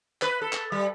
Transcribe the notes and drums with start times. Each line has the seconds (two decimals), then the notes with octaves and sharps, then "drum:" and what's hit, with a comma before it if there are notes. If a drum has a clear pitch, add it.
0.22 B4, drum: clap
0.41 A4
0.53 drum: clap
0.72 G3